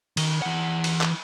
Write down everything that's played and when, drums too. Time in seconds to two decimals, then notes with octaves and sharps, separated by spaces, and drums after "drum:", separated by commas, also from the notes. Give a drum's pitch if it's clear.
0.17 D#3, drum: cymbal
0.42 E3 F#5
0.84 drum: cymbal
1.01 drum: clap